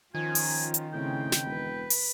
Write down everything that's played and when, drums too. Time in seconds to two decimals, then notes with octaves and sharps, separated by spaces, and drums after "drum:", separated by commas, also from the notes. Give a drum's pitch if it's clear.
0.15 D#3 F3 C#4 F4 G#5
0.35 drum: open hi-hat
0.74 drum: hi-hat
0.93 A2 C#3 C4 G5
1.32 drum: snare
1.46 E1 B4
1.90 drum: open hi-hat